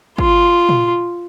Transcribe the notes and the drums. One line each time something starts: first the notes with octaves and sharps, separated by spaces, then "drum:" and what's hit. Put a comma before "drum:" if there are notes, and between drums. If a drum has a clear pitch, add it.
F4, drum: kick
drum: tom A#2